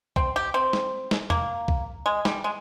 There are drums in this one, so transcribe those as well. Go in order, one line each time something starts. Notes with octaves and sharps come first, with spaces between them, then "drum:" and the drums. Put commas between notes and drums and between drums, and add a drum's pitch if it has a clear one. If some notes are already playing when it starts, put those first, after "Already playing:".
C4, drum: kick B1
G4
C4
drum: snare
drum: snare
A#3, drum: tom E2
drum: kick B1
G#3
G3, drum: snare
G#3